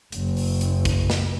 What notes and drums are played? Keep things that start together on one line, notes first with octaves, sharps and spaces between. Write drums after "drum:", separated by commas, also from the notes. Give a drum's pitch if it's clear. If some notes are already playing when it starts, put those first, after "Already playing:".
F#1, drum: hi-hat
drum: open hi-hat
drum: hi-hat
drum: kick, hi-hat
drum: snare